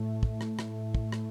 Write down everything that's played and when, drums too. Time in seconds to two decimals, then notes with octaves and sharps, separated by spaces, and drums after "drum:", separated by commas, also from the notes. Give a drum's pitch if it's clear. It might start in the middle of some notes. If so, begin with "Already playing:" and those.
Already playing: A2 A3
0.23 drum: kick
0.41 drum: rim click
0.59 drum: rim click
0.95 drum: kick
1.12 drum: rim click